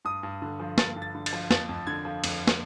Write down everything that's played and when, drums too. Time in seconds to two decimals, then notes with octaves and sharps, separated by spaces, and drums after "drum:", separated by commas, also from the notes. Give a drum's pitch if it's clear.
0.05 G2 D#6
0.23 G2
0.42 D3
0.60 F3
0.78 G2 A6, drum: snare
0.96 G2
1.02 A6
1.15 D3
1.26 A6, drum: cymbal
1.33 F3
1.51 F2 A6, drum: snare
1.69 F2
1.87 D3 G#6
2.05 F3
2.24 F2, drum: cymbal
2.47 drum: snare